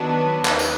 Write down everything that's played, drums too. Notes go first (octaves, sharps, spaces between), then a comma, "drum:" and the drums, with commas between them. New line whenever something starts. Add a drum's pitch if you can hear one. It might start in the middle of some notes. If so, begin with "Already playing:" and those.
Already playing: D#3 F#3 B3 D4 F#4 B4
D#2 D#3 A#3, drum: clap
drum: tambourine